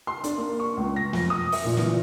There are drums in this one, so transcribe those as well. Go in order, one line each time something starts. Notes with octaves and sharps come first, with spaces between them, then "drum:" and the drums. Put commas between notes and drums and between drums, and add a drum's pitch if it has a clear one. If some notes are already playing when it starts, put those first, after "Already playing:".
C6
D4, drum: hi-hat
A#3
C#6
C#2
A#6
F2, drum: snare
D#6
E5, drum: open hi-hat
A#2
E3, drum: snare
A#2